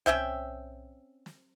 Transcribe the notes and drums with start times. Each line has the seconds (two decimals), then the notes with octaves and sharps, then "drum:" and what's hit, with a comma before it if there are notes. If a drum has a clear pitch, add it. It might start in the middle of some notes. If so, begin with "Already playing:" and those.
0.06 C4 C#4 E5 G5, drum: tom C2
1.26 drum: snare